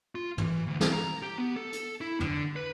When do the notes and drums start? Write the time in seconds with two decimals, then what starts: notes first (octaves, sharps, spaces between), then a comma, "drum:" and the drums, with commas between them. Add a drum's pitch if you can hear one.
0.15 F4
0.38 E3, drum: tom
0.67 D2
0.81 C4, drum: snare
0.93 A#5
1.22 G4
1.38 B3
1.56 A4
1.73 drum: hi-hat
2.01 E4
2.20 D3, drum: tom
2.56 B4